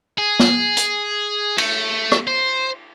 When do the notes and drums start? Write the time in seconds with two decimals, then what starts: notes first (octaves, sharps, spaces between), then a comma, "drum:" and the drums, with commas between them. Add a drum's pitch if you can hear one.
0.18 G#4
0.39 drum: snare
0.77 drum: hi-hat
1.58 A3, drum: cymbal
2.12 drum: rim click
2.27 C5